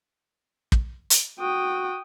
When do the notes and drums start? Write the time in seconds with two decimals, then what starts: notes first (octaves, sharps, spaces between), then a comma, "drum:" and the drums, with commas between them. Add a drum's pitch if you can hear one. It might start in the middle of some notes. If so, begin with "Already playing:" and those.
0.72 drum: kick
1.10 drum: hi-hat
1.40 F#4 G5 D#6